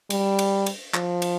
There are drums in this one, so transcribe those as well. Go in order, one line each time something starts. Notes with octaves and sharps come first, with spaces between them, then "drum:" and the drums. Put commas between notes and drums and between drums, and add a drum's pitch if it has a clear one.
G3, drum: cymbal
drum: cymbal
drum: cymbal
F3, drum: clap
drum: cymbal